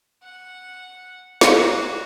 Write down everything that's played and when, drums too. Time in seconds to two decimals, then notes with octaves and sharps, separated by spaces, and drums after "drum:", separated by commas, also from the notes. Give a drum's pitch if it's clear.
0.23 F#5
1.41 drum: snare
1.53 F#4